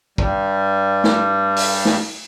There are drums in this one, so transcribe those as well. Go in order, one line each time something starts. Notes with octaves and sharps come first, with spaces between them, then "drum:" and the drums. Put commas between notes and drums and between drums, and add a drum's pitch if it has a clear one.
G2 G3, drum: kick
drum: snare
drum: open hi-hat
drum: snare